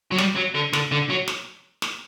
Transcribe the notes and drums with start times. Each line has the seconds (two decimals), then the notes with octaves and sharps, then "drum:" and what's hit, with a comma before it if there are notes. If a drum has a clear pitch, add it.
0.12 F#3
0.18 G3, drum: snare
0.36 F#3
0.55 D3
0.73 D3, drum: snare
0.92 D3
1.10 F#3
1.28 drum: snare
1.82 drum: snare